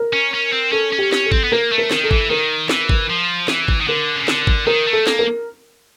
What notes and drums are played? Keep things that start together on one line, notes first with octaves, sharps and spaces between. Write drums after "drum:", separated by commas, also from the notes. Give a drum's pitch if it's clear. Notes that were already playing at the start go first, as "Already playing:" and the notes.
Already playing: A#4
C#4
C#4
C4
C#4 A4
C#4
G4
C#4, drum: snare
A4
C4, drum: kick
B3
A#3 A#4
A3
A#4
D#3, drum: snare
A4
E3, drum: kick
D#3 A#4
E3, drum: snare
drum: kick
F3
E3, drum: snare
drum: kick
D#3
D3 A#4
C#3
D3, drum: snare
drum: kick
D#3 A#4
A3
A4
A#3, drum: snare
A#4